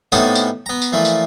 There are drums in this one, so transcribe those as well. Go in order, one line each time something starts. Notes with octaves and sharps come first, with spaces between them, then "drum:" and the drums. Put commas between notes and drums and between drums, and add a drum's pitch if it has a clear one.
A2 C3 B3 C#4 D#4 A4, drum: tambourine
drum: tambourine
B3 A#5
drum: tambourine
A#2 E3 F3 A3
drum: tambourine